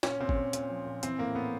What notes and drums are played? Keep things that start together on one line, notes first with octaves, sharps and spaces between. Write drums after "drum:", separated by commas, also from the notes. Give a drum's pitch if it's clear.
A#2 C#4, drum: snare
A#2 C4
C#4, drum: kick
A#2
A#2, drum: hi-hat
F3
A#2
E3 C4, drum: hi-hat
A2 A#3
A2 B3